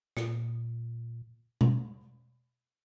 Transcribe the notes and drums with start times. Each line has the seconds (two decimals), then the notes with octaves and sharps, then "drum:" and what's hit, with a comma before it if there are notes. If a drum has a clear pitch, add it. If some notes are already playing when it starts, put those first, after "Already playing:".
0.17 A#2, drum: rim click
1.61 A#2, drum: tom B2